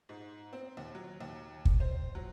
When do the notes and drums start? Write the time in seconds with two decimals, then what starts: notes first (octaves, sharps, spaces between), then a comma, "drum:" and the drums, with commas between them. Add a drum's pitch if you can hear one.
0.09 G#2
0.53 C4
0.77 D#2
0.95 F#3
1.21 D#2
1.65 drum: kick
1.80 C5
2.15 F#3